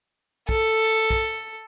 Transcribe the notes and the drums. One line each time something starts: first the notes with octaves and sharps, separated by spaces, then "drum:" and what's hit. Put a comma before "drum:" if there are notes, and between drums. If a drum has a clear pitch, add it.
A4, drum: kick
drum: kick